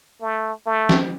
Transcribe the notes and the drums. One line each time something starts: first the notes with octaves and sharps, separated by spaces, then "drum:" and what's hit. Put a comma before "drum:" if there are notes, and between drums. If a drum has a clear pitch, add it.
A3
A3
drum: snare